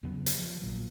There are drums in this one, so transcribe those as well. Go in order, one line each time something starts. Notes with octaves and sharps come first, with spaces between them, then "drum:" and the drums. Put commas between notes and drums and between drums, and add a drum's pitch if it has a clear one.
E2 C#3 F#3 B3
drum: hi-hat
F3
A#1 A#2 F#3